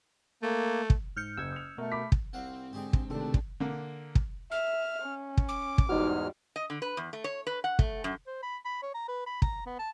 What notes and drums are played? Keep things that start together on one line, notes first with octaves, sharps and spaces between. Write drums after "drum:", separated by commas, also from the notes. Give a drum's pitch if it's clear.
A3 A#3
drum: kick
G#2 F6 G6 C#7
F#1 E6 G#6
D#6 F7
B2 A3 F#4 A#4
B5 D6 B6
drum: kick
C2 C4 F5 F#5
G#2 D3 G4 G#4 G5
drum: kick
C#2 C3 D#3 A3 D4 G4 A4
drum: kick
D3 A#3
drum: kick
E5 F6
C#4
drum: kick
D6
drum: kick
E2 G#2 G3 D#4 F#4 F6
D#5
D3
B4
E2
A3
C#5
B4
F#5
A3, drum: kick
F#2
C5
B5
B5
C#5
A#5
B4
B5
A#5, drum: kick
B3
A5